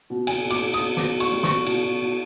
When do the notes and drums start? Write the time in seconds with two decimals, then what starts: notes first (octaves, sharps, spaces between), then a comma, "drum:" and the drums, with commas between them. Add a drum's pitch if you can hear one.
0.10 B2
0.27 B2 G#5, drum: cymbal
0.45 B2
0.51 D6, drum: cymbal
0.62 B2
0.74 D#6, drum: cymbal
0.80 B2
0.97 B2 D6, drum: snare
1.14 B2
1.20 C#6, drum: cymbal
1.32 G3
1.43 C#6, drum: snare
1.49 B2
1.67 B2, drum: cymbal
1.84 B2
2.01 B2